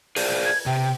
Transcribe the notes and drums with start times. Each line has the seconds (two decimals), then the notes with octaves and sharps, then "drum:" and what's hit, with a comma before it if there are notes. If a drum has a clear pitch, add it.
0.16 G#4 C5 D5, drum: open hi-hat
0.45 G#6
0.66 C3 G5